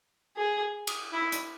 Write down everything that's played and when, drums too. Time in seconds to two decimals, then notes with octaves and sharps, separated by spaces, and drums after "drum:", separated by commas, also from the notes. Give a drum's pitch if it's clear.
0.37 G#4
0.87 drum: cymbal
1.12 E4
1.32 drum: hi-hat